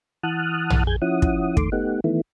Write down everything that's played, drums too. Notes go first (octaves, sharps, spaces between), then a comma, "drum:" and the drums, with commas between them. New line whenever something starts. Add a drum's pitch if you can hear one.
E3 F#5 A5 D#6 F6 F#6
drum: tom
F2 G#4 G6 G#6
F3 C#4 E4 F#5 D#6
drum: kick
F2 D#3 A3 C6 D6, drum: kick
A3 B3 D#4 G4 F#5
D#3 E3 A3 B3 E4